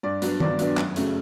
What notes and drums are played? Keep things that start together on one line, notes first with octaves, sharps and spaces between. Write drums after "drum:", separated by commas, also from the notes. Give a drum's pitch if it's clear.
G2 D5
F#3 B3 D4, drum: hi-hat
G2 D5, drum: tom D#3
F#3 B3 D4, drum: hi-hat
F#2, drum: clap
C#3 F#3 A3, drum: hi-hat